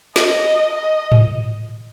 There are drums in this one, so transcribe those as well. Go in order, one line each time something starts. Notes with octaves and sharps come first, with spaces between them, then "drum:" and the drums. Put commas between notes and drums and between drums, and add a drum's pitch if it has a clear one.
D#5, drum: snare
D#5
drum: tom G#2